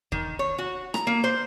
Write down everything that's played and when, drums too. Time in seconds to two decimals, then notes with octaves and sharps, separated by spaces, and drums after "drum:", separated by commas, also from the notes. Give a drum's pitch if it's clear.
0.12 D#3, drum: kick
0.39 C#5
0.58 F#4
0.94 A#5, drum: rim click
1.07 A#3
1.24 C5